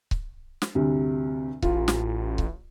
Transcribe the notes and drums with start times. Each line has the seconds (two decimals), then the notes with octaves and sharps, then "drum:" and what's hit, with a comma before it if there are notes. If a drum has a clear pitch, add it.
0.11 drum: kick C#1
0.62 drum: snare
0.75 D2 G2 C3
1.62 A1 F4, drum: kick C#1
1.88 drum: snare
2.38 drum: kick C#1